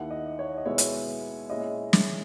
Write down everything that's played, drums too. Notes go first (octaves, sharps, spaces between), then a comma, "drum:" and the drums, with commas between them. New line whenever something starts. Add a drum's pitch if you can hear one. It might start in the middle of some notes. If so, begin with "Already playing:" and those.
Already playing: D#2 D#3 A#3 E4 F#5
D#5
C#5
D#5
B2 G#3 B3 E4 C#5
drum: hi-hat
A#2 G#3 C#4 E4 D#5
drum: snare